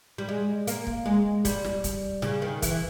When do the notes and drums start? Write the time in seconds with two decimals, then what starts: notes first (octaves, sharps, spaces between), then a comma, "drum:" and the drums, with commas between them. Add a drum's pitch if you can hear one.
0.18 G3
0.29 G#3
0.67 A#3, drum: hi-hat
0.87 drum: kick
1.06 G#3
1.45 G3, drum: kick, hi-hat
1.64 drum: snare
1.84 drum: kick, hi-hat
2.22 C#3, drum: snare
2.42 D#3
2.62 E3, drum: kick, hi-hat